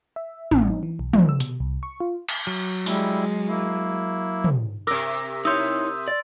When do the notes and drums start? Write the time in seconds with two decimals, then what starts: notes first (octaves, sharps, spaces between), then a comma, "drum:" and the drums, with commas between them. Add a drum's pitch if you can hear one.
0.16 E5
0.51 A1, drum: tom
0.70 D#4
0.83 E3
0.99 B1
1.13 F3, drum: tom
1.29 E6
1.40 B2, drum: hi-hat
1.60 C2
1.83 C#6
2.00 F4
2.29 drum: cymbal
2.47 F#3
2.86 G3 G#3 E4, drum: open hi-hat
3.48 A#3 E4
4.44 drum: tom
4.87 C3 A#4 D6 E6 A#6
5.45 D#4 E4 C#5 C6 D#6 E6 G6
6.08 D5